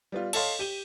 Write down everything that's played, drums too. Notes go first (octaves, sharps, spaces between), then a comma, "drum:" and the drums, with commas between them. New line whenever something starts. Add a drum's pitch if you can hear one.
G3 B3 F4
A4 C#5 D#5 F5 C6, drum: cymbal
G4 D#7 G7